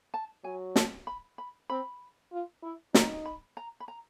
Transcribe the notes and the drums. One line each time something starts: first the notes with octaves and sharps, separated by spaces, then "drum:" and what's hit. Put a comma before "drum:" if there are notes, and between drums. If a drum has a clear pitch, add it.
A5
F#3 G#5
A5, drum: snare
B5
B5
C4 B5
F4
E4
D#4 A#5, drum: snare
B5
A#5
B5
A#5